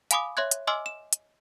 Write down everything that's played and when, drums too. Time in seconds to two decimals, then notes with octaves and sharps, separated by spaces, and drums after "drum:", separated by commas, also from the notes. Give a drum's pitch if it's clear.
0.11 F5 G#5 B5 D6 D#6, drum: hi-hat
0.37 C#5 E5 C6 F#6 G#6
0.51 drum: hi-hat
0.67 D#5 G#5 C6 D6 E6 F6
0.86 E7
1.13 drum: hi-hat